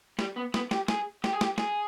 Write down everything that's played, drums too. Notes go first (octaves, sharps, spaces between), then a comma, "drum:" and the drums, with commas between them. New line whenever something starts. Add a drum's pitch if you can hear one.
G3, drum: snare
B3
B3, drum: snare
G4, drum: snare
G#4, drum: snare
G4, drum: snare
G#4
G4, drum: snare
G#4, drum: snare